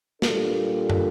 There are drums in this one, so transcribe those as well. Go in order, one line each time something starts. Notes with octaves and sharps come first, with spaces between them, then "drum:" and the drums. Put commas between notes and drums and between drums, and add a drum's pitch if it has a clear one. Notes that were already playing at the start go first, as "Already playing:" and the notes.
A#2 G3 D4 F4 A4, drum: snare
drum: tom